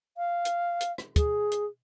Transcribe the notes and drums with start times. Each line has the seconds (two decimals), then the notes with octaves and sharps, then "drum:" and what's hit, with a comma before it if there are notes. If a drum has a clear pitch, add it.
0.17 F5
0.45 drum: hi-hat
0.81 drum: hi-hat
0.98 drum: rim click
1.16 G#4, drum: kick, hi-hat
1.52 drum: hi-hat